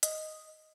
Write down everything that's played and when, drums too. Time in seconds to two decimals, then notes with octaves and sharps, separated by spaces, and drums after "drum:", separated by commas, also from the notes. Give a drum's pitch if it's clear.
0.03 D#5, drum: hi-hat